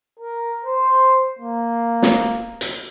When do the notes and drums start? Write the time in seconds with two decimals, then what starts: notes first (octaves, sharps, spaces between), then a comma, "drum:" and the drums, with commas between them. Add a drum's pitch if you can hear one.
0.19 A#4
0.64 C5
1.39 A#3
2.03 drum: snare
2.61 drum: hi-hat